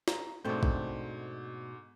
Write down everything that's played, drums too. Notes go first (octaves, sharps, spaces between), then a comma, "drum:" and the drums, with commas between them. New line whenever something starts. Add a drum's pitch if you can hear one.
A#5, drum: snare
G#2 B2 A3 C4 D4 A4 C#6 G6
drum: kick A1